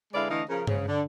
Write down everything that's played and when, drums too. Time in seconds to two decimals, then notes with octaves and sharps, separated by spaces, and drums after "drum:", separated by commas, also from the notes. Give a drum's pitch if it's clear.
0.13 D3 G#3 E4 B4 D5 F5
0.30 D3 E3 A3 D#5 F5
0.49 C#3 F3 A#4
0.67 G#2 C#3, drum: tom G2
0.88 D3